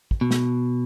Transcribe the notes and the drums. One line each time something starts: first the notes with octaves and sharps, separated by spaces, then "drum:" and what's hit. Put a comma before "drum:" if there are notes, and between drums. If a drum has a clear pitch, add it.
drum: kick
B2
drum: snare